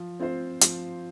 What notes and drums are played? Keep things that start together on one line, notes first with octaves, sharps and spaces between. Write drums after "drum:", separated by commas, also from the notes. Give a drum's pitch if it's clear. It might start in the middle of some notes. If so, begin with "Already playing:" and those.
Already playing: F3
C4 F4 C5
F3, drum: hi-hat